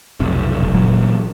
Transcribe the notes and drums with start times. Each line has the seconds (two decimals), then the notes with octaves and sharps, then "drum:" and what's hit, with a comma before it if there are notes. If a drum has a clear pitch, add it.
0.20 F1 B1, drum: tom C4
0.63 drum: kick F1
0.74 A#2 E3 F#3 A#3